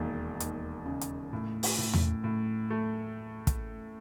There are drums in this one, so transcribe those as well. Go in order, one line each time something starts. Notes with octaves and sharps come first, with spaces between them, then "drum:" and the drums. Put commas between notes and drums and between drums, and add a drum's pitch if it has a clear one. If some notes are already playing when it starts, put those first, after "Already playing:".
Already playing: E1 D#2
D#2, drum: hi-hat
C#3
drum: hi-hat
A2
drum: open hi-hat
A2
drum: tom E2
A2
A3
drum: kick, hi-hat